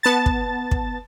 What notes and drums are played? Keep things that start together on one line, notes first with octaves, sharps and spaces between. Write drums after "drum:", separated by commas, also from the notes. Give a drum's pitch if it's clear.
B3 A5 A6
drum: kick
drum: kick